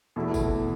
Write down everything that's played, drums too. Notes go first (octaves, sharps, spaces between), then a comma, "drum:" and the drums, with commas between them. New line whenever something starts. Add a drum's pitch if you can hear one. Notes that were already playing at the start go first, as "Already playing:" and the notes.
E2 B2 A3 E4
drum: kick, tambourine